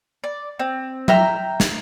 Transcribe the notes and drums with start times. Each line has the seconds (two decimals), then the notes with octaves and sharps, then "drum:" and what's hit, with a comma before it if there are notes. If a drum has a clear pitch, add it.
0.24 D5
0.59 C4
1.08 E5 G5 A#5 F6, drum: tom F#3
1.60 drum: snare